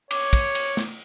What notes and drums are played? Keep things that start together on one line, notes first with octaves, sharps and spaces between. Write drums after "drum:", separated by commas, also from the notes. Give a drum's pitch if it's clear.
C#5 D6, drum: cymbal
drum: kick, cymbal
drum: cymbal
drum: snare